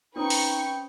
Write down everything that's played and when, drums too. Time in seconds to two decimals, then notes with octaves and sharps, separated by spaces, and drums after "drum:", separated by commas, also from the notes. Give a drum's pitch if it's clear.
0.16 C4 C#4 D#4 B4 G5 C#6 D#6 C#7
0.30 drum: open hi-hat